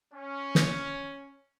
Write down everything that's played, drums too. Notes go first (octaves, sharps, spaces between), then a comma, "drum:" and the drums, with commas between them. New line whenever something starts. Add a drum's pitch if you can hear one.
C#4
drum: snare